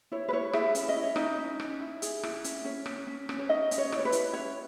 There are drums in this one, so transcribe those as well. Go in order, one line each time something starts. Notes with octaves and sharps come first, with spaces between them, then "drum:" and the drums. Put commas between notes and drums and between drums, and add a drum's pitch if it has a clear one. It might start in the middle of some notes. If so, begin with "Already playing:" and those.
E4 C#5
B4
E4 C#5
E4 G#4 E5, drum: rim click
C#4 E5, drum: hi-hat
D#5
E4
C#5
C#4 D#4 D#5, drum: rim click
C#4
C#4, drum: rim click
E4
G#4, drum: hi-hat
E4, drum: rim click
C#4, drum: hi-hat
C#4 C#5
C#4, drum: rim click
C#4
C#4, drum: rim click
C#5
C#4 D#4 D#5
C#4, drum: hi-hat
C#5
E4, drum: rim click
C#5
B4
E4, drum: hi-hat
C#4 C#5